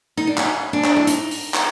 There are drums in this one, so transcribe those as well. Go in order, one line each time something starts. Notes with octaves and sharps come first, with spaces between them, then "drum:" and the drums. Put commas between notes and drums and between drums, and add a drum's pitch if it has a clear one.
D#4
D4
C#4, drum: clap
D4
drum: clap
E4
D#4, drum: hi-hat
drum: open hi-hat
drum: clap